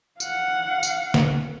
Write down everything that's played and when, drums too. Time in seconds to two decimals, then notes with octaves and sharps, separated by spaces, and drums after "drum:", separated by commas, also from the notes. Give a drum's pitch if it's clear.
0.20 F5 F#5, drum: tambourine
0.83 drum: tambourine
1.14 drum: snare